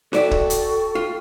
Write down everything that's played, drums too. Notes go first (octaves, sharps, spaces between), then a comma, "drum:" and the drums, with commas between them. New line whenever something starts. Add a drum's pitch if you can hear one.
F#4 A4 D5 E5 G5 C#6, drum: snare D#4
drum: kick
drum: hi-hat
F4